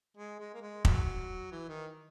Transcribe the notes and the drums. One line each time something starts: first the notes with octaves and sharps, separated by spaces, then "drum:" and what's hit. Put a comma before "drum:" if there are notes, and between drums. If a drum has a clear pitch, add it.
G#3
G#3
A#3
G#3
D#3 F#3, drum: kick
E3
D#3